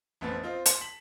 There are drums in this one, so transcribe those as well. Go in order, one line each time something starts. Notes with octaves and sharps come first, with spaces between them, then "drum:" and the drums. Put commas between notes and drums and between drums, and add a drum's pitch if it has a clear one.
A1 F2 A2 B3 C4 A6
C4 F4 D#5
A5 C6 C#7 E7, drum: hi-hat
B6 E7 F#7